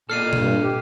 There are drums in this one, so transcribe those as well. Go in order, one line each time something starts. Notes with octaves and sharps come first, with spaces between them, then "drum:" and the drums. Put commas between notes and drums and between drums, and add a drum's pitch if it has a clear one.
A#2 A4 D5 D#5 F6 C7 D#7
G2, drum: tom B2
G4